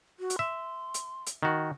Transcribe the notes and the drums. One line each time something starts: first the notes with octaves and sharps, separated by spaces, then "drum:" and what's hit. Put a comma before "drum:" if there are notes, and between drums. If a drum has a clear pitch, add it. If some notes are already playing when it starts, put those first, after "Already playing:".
F#4
drum: hi-hat
E5 C6
drum: hi-hat
drum: hi-hat
D#3 F#4